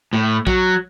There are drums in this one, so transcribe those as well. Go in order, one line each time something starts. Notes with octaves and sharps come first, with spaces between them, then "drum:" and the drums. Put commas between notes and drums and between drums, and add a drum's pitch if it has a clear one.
A2
F#3, drum: kick A#1